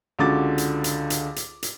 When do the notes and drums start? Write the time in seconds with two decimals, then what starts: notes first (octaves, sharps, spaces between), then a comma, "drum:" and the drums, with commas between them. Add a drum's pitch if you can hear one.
0.19 C#2 D3 F#4 D6 A6
0.58 drum: hi-hat
0.84 drum: hi-hat
1.10 drum: hi-hat
1.36 drum: hi-hat
1.63 drum: hi-hat